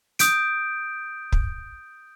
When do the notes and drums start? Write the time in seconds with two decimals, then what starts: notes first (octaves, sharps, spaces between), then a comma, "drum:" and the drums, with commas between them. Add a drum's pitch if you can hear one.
0.19 D#6 G6 D7, drum: hi-hat
1.32 drum: kick